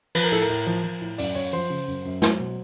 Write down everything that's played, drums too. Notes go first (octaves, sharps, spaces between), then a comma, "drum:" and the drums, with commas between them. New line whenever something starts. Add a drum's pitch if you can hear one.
F3 B4, drum: cymbal
A#4
A2 A4
A#4
A2
F3
F3
A2
F#2 D5, drum: open hi-hat
F#2 C#5
F3 C5
C#3
F#2
F#2
F#3 C5, drum: snare
B2